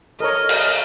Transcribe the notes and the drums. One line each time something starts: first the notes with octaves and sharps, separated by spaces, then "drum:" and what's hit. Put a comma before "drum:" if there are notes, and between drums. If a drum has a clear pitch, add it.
A4 A#4 C#5 D#5 F6
drum: cymbal